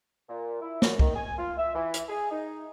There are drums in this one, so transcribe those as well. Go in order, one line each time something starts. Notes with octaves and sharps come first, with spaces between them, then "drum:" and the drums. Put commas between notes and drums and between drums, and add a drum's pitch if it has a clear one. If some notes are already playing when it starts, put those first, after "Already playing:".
A#2
E4
F#2, drum: snare
D#3, drum: kick C2
G#5
F4
E5
E3
drum: hi-hat
G#4
D#4